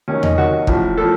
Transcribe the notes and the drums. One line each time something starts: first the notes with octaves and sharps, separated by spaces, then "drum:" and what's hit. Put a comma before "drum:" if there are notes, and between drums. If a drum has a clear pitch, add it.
D#2 D#3 F#3 C#4
D#4, drum: tom E2
D#2 D#3 F#3 F#4
A1 A2 F3, drum: kick
A2 F3 A4